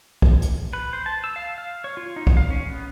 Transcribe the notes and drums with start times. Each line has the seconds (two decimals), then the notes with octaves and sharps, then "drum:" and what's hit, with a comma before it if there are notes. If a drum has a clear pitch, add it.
0.22 drum: kick
0.42 drum: hi-hat
0.73 B4
0.93 C5
1.06 A5
1.24 E6
1.36 F5
1.58 F5
1.84 C#5
1.97 F4
2.16 D#4
2.27 drum: kick
2.37 F5
2.50 C#4
2.70 B3